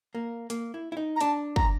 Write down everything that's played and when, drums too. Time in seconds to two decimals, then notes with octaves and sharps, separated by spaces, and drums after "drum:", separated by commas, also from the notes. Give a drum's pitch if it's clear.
0.15 A#3
0.50 A#3, drum: hi-hat
0.74 E4
0.92 E4
0.97 D#4
1.16 A#5
1.21 D4 A5, drum: hi-hat
1.56 A#5, drum: kick